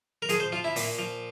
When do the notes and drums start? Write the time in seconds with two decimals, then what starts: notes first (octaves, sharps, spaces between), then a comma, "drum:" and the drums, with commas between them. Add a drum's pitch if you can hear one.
0.22 A#4
0.29 F3 G#4, drum: hi-hat
0.40 C5
0.52 F3 F4
0.64 E4
0.76 A#2, drum: open hi-hat
0.99 F3